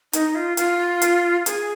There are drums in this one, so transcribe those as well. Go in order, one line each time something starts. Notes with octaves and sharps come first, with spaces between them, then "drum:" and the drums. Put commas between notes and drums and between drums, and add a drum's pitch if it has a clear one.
D#4, drum: hi-hat
F4
F4, drum: hi-hat
drum: hi-hat
G#4, drum: hi-hat